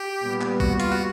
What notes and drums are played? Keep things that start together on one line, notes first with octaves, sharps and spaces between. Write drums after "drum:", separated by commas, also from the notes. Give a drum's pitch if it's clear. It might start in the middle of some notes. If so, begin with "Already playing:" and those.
Already playing: G4
A#2 G3 B3
drum: clap
F#4, drum: kick
F4, drum: hi-hat
F#4